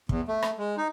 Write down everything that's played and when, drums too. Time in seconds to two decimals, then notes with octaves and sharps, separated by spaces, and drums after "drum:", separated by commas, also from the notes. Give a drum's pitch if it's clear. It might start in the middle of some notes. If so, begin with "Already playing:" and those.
0.09 E2, drum: kick
0.28 A3
0.42 drum: rim click
0.58 G#3
0.78 D#4